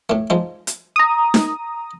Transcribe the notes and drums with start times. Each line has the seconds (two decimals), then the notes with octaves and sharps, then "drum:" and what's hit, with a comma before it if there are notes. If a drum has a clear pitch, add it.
0.10 A2 A3
0.30 F3 G#3 D#4
0.67 drum: hi-hat
0.96 A#5 D#6
1.34 drum: snare D#4